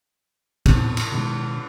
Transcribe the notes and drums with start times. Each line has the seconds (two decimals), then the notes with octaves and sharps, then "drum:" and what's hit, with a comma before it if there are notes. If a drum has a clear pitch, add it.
0.66 E1 A#2 B3 C4, drum: kick, cymbal
0.97 drum: cymbal
1.12 B2 D#3 G#3